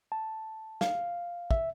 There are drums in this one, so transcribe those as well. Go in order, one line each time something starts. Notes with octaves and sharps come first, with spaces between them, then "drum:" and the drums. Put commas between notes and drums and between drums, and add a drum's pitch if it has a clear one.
A5
F5, drum: snare
E5, drum: kick